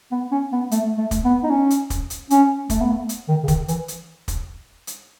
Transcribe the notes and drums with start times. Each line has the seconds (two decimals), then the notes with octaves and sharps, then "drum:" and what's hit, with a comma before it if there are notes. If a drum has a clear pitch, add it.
0.11 B3
0.32 C#4
0.52 B3
0.71 A3, drum: hi-hat
0.97 A3
1.11 drum: kick, hi-hat
1.25 B3
1.44 D#4
1.50 C#4
1.70 drum: hi-hat
1.90 drum: kick, hi-hat
2.10 drum: hi-hat
2.30 C#4, drum: hi-hat
2.70 A3, drum: kick, hi-hat
2.81 B3
2.91 A3
3.09 drum: hi-hat
3.28 D#3
3.43 C#3
3.48 D#3, drum: kick, hi-hat
3.68 E3, drum: hi-hat
3.88 drum: hi-hat
4.28 drum: kick, hi-hat
4.87 drum: hi-hat